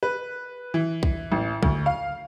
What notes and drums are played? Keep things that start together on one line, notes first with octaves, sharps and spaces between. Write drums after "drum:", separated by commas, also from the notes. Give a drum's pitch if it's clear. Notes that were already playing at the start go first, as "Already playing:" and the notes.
B4
E3
drum: kick B1
A1
D2, drum: kick B1
F5